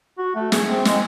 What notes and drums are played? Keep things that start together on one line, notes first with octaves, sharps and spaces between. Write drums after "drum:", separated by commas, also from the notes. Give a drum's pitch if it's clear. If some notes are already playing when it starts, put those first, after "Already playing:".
F#4
A3
G#4, drum: snare
C4
G#3, drum: snare